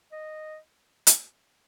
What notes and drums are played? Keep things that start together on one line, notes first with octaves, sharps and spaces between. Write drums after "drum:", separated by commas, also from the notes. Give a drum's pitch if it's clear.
D#5
drum: hi-hat